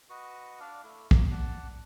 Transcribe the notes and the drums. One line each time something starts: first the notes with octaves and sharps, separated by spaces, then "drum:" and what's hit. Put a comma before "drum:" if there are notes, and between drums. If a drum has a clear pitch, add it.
F#4 B4 D#5 C#6
D4 D5 F5
A3 E4
A#3, drum: kick
D5 F#5 A5